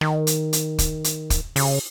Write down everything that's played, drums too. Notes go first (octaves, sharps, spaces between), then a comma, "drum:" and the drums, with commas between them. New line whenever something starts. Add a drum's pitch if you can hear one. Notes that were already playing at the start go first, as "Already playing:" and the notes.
D#3, drum: rim click
drum: hi-hat
drum: hi-hat
drum: kick, hi-hat
drum: hi-hat
drum: kick, hi-hat
C#3, drum: open hi-hat